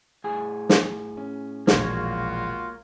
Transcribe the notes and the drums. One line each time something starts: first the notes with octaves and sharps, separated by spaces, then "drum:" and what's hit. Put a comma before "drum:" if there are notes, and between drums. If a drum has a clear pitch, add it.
A2 G#4 G#5
drum: snare
C#4
E1 A#1 A#3 F4 F#4 C#5, drum: snare